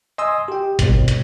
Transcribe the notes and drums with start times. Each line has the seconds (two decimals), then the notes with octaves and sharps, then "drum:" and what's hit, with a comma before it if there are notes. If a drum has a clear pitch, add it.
0.18 D#5 G#5 C6 D#6 E6
0.48 G4 G5
0.79 C2 G2 B2, drum: kick G#1, hi-hat
1.08 drum: hi-hat